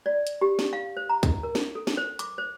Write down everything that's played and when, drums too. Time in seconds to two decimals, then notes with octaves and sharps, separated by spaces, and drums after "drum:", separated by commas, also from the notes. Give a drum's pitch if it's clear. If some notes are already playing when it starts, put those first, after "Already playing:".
0.06 D5
0.27 drum: hi-hat
0.41 G4
0.59 drum: snare
0.73 F5
0.97 C5
1.09 A#5
1.23 drum: kick, hi-hat
1.43 A#4
1.55 drum: snare
1.75 A4
1.87 drum: snare
1.97 C5
2.19 D6, drum: hi-hat
2.38 C5